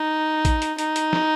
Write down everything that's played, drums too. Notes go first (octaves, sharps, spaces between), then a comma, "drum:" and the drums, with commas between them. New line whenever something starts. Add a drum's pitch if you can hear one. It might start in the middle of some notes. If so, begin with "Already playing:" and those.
Already playing: D#4
drum: kick, hi-hat
drum: hi-hat
D#4, drum: hi-hat
drum: hi-hat
drum: snare